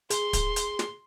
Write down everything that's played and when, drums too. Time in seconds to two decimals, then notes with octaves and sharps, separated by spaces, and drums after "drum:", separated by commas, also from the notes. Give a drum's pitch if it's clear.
0.10 G#4 C6, drum: hi-hat
0.33 drum: kick, hi-hat
0.56 drum: hi-hat
0.79 drum: snare